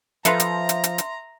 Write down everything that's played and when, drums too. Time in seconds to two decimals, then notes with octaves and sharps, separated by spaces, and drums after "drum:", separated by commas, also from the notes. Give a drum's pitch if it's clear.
0.25 F3 A4 B4 E5 F5 A#5 C6, drum: hi-hat
0.40 drum: hi-hat
0.69 drum: hi-hat
0.84 drum: hi-hat
0.98 drum: hi-hat